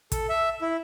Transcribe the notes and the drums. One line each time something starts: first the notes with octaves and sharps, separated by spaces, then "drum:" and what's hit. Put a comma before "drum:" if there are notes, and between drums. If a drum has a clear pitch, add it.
A4, drum: kick, hi-hat
E5
E4